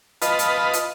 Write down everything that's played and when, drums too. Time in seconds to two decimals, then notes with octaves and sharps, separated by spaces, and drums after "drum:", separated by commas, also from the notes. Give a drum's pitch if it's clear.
0.22 F4 B4 D#5 A5, drum: hi-hat
0.39 drum: hi-hat
0.74 drum: hi-hat